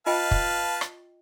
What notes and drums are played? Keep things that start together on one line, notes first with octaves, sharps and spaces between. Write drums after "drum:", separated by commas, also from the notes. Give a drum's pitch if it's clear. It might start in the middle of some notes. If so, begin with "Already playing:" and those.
F4 B4 D#5 F5 G5 A5
drum: kick
drum: rim click